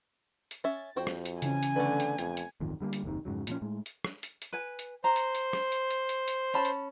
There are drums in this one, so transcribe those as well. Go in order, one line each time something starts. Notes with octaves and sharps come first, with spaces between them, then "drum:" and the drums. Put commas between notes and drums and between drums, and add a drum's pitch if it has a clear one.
drum: hi-hat
C#4 E5 A6
F2 F#4 C5 G5
drum: rim click
drum: hi-hat
C#3 E3 C#4 G#5, drum: hi-hat
drum: hi-hat
D3 A3 B3 B4
drum: hi-hat
F2 G#6, drum: hi-hat
drum: hi-hat
D1 G1 F2 D#3
D3 G3 G#3 A#3
drum: hi-hat
F#1 D#2 C3 D#3
F2 G#2 C#3 F#3
A#2 F3 C#4, drum: hi-hat
A2 G#3
drum: hi-hat
drum: rim click
drum: hi-hat
drum: hi-hat
B4 G#5
drum: hi-hat
C5 A#5
drum: hi-hat
drum: hi-hat
drum: rim click
drum: hi-hat
drum: hi-hat
drum: hi-hat
drum: hi-hat
C#4 A5 B5
drum: hi-hat